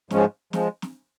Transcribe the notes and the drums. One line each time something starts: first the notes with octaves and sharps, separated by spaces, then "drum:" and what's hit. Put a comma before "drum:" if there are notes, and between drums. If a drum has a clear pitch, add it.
G#2 F3 G#3 C#4, drum: snare
F3 G#3, drum: snare
drum: snare